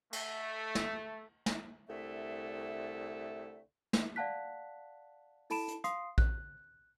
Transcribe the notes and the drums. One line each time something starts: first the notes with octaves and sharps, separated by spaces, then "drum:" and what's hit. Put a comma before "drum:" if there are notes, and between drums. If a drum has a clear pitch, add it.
A3, drum: cymbal
drum: snare
drum: snare
C2 D3 A3 E5
drum: snare
D5 F5 F#5 A5 F#6 B6
E4 A4 A5 B5 D7 E7, drum: open hi-hat
drum: hi-hat
F5 C6 D#6 C7, drum: hi-hat
F#6, drum: kick A#1